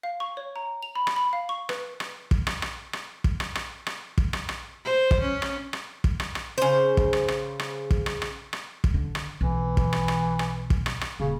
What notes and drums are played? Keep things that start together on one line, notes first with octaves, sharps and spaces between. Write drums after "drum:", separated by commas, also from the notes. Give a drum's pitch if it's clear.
F5
C#6
C#5
A#5
F7
B5
drum: rim click
B5
F5
C#6
B4, drum: rim click
drum: rim click
drum: kick
drum: rim click
drum: rim click
drum: rim click
drum: kick
drum: rim click
drum: rim click
drum: rim click
drum: kick
drum: rim click
drum: rim click
C5
drum: kick
C#4
drum: rim click
drum: rim click
drum: kick
drum: rim click
drum: rim click
C#3 C5
drum: kick
drum: rim click
drum: rim click
drum: rim click
drum: kick
drum: rim click
drum: rim click
drum: rim click
drum: kick
D3
drum: rim click
B1 E3
drum: kick
drum: rim click
drum: rim click
drum: rim click
drum: kick
drum: rim click
drum: rim click
D#1 C#3